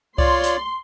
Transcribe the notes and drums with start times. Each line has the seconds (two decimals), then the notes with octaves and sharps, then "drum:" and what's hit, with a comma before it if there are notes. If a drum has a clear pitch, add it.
0.18 F4 C#5 D5 C6, drum: kick C2
0.44 drum: hi-hat